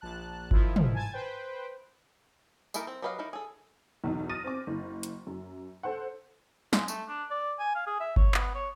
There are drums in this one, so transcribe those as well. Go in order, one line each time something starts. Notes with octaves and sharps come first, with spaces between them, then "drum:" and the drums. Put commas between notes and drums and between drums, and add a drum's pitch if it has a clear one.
A#1 A5 F#6
D#3 F3 E4 F4, drum: kick G1
drum: tom
G#5 A5 G#6 A6
B4 C5 G5
A#3 D#4 E4 A4 A#4, drum: tambourine
C4
F#3 G4 B4 D#5 F5
D#4 E4 A#4
G#4 A4
B1 E2 D#4
D#6 F6 A6 A#6 D#7
C4 D6
F#1
drum: hi-hat
F#2
A4 C5 F#5
G#3, drum: snare
A3, drum: tambourine
D4
D5
G#5
F5
G#4
E5
C#5, drum: kick G1
B3, drum: clap
C#5